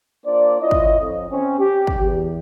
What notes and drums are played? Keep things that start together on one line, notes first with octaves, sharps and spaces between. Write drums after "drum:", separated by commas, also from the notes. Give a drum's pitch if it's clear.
A#3 D4 F4 C5 D5
E4 F4 C#5 D#5
drum: kick
F2
C4 C#4
G4
drum: kick
E2